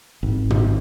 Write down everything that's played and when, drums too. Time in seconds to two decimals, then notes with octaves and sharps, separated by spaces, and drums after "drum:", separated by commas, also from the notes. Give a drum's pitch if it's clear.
0.23 G#1
0.50 drum: tom